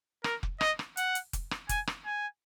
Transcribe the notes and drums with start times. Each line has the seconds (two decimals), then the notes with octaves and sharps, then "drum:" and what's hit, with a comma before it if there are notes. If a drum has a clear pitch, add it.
0.24 A#4, drum: rim click
0.43 drum: kick F1
0.61 D#5, drum: rim click
0.79 drum: rim click
0.97 F#5, drum: hi-hat
1.15 drum: hi-hat
1.33 drum: kick F1, hi-hat
1.51 drum: rim click
1.69 G#5, drum: kick F1, hi-hat
1.87 drum: rim click
2.06 G#5